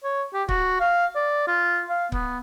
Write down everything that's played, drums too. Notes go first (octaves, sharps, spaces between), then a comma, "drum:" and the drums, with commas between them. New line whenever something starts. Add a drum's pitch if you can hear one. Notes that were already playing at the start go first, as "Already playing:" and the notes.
C#5
G4
F#4, drum: kick C#1
F5
D5
F4
F5
B3, drum: kick C#1